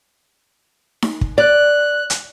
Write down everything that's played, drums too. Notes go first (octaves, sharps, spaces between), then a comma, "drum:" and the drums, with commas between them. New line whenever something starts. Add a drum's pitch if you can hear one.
drum: snare D#4
drum: kick
D5 F#6
drum: hi-hat